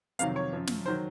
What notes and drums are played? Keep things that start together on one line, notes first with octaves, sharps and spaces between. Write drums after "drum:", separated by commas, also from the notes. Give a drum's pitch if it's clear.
F2 C3 D#3 F#3 F5, drum: hi-hat
C#5
F#2 F3
drum: snare
D#3 F#3 C5